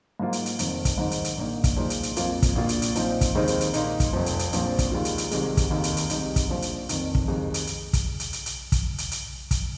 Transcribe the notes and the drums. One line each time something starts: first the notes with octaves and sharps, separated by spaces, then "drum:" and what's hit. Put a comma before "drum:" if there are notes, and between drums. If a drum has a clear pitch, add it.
G#2 F3 A#3 F4
drum: hi-hat
drum: hi-hat
F1 F2 D#3 C4, drum: hi-hat
drum: kick, hi-hat
G#2 D#3 C4 D#4
drum: hi-hat
drum: hi-hat
A#1 A#2 A#3 D#4
drum: kick, hi-hat
A#2 F3 G#3 D#4
drum: hi-hat
drum: hi-hat
F2 F3 A#3 F4, drum: hi-hat
drum: kick, hi-hat
A#1 A#2 A#3 F4
drum: hi-hat
drum: hi-hat
A#2 F3 C4 D#4, drum: hi-hat
drum: kick, hi-hat
D#2 D#3 G#3 C4 D#4
drum: hi-hat
drum: hi-hat
A#2 A#3 D#4, drum: hi-hat
drum: kick, hi-hat
F1 F2 F3
drum: hi-hat
drum: hi-hat
A#1 A#2 F3 C4, drum: hi-hat
drum: kick, hi-hat
D#2 D#3 G#3 F4
drum: hi-hat
drum: hi-hat
C2 C3 D#3 G#3, drum: hi-hat
drum: kick, hi-hat
F1 D#2 D#3
drum: hi-hat
drum: hi-hat
C2 C3 G#3 D#4, drum: hi-hat
drum: kick, hi-hat
A#1 A#2 F3
drum: hi-hat
F1 F2 D#3, drum: hi-hat
drum: kick
F2 C3 D#3 G#3
drum: hi-hat
drum: hi-hat
drum: kick, hi-hat
drum: hi-hat
drum: hi-hat
drum: hi-hat
drum: kick, hi-hat
drum: hi-hat
drum: hi-hat
drum: kick, hi-hat